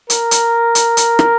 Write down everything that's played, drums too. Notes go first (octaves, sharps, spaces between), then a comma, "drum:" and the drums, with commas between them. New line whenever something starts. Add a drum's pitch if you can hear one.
A#4, drum: hi-hat
drum: hi-hat
drum: hi-hat
drum: hi-hat
drum: rim click